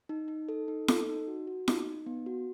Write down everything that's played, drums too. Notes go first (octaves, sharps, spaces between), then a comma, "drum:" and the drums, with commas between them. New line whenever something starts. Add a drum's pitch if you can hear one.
D#4
D#4
A4
D#4
A4, drum: snare
D#4
F#4
F#4
D#4, drum: snare
D#4
B3
F#4